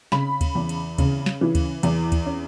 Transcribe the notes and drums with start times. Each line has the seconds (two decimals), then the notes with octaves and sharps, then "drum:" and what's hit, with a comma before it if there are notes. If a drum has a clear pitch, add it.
0.12 C#3 B5, drum: snare
0.41 drum: kick D2, cymbal
0.55 E2
0.69 drum: cymbal
0.98 C#3, drum: kick D2, cymbal
1.26 drum: snare
1.41 E3
1.55 drum: kick D2, cymbal
1.83 E2, drum: cymbal
2.12 drum: kick D2, cymbal
2.26 C#4